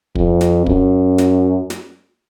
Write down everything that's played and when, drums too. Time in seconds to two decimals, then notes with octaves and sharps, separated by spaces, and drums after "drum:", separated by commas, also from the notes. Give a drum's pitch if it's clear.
0.15 F2, drum: kick
0.41 drum: snare
0.66 F#2, drum: kick
1.18 drum: snare
1.70 drum: snare